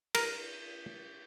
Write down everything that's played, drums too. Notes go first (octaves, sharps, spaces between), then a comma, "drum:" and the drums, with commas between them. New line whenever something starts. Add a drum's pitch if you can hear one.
A#4, drum: cymbal